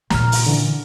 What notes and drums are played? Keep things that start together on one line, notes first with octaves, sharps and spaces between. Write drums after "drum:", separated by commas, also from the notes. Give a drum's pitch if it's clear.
A#2 C#3 A#5 F6, drum: snare
drum: open hi-hat
D3 E3